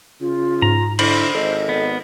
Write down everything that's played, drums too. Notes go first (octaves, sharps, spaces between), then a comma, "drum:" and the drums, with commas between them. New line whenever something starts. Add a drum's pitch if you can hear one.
C#3 F4
G#2 A#5
D3 E4 C5 B5, drum: cymbal
G#1 A4 D#5
B3